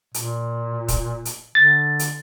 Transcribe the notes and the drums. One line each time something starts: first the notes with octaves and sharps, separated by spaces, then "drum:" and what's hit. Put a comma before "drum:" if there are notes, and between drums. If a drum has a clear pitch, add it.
A#2, drum: hi-hat
drum: kick, hi-hat
drum: hi-hat
D3 A6
drum: hi-hat